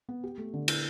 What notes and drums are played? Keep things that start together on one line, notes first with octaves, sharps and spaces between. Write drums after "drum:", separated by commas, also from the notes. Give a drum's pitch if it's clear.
B3
G4
A3
D3
E4, drum: cymbal